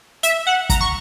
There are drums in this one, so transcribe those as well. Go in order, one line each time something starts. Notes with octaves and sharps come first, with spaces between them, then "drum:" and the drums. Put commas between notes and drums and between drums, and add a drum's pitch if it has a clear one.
E5, drum: hi-hat
F#5
A#5, drum: kick, hi-hat
C#6